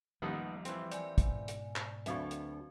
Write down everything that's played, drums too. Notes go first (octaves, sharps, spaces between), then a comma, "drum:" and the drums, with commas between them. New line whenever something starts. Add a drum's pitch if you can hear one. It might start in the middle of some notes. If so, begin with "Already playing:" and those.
A1 D#2 F3 G3 B3 D#4 F#5
E3 C4, drum: hi-hat
D5 G#5, drum: hi-hat
G#2 B2, drum: kick, hi-hat
drum: hi-hat
drum: clap
D2 F#3 C4 F#4 E5 F5 C#6, drum: hi-hat
drum: hi-hat